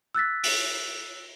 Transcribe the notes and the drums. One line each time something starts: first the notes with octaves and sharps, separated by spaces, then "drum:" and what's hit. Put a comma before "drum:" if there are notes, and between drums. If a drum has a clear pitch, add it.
E6 F#6 A6 B6
drum: open hi-hat